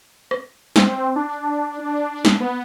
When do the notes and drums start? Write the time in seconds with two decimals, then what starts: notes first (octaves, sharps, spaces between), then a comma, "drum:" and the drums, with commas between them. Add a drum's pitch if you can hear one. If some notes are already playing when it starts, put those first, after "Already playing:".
0.31 drum: rim click
0.76 C4, drum: snare
1.16 D4
1.79 D4
2.25 drum: snare
2.40 B3